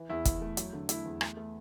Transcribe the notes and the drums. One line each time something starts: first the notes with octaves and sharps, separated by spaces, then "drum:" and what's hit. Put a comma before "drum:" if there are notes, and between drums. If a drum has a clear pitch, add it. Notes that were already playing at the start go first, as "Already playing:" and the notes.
Already playing: E3
E2 E4
E2, drum: kick, hi-hat
A3
F#3, drum: hi-hat
D3
A3 E4, drum: hi-hat
E2
A3, drum: rim click
A3